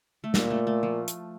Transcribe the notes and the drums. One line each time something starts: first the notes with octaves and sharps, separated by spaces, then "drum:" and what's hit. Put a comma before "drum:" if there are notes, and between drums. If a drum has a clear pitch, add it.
A3
A#2 A#3, drum: snare
A3
A3
F3
drum: hi-hat